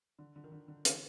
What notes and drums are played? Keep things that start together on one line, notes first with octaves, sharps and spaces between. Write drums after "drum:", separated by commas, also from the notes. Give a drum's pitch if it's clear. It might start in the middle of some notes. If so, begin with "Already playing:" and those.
D3
D3
D#3
D3
D3
D3 E3, drum: hi-hat